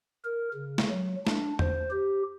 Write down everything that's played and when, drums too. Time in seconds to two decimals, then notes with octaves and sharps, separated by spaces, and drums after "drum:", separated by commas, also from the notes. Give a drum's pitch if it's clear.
0.25 A#4
0.54 C#3
0.78 drum: snare G#3
0.90 F#3
1.27 D4, drum: snare G#3
1.59 C5, drum: tom E2
1.91 G4